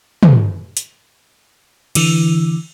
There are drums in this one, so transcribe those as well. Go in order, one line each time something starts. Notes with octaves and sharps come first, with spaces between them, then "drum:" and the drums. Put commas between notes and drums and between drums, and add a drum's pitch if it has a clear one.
drum: tom
drum: hi-hat
D3 E3, drum: cymbal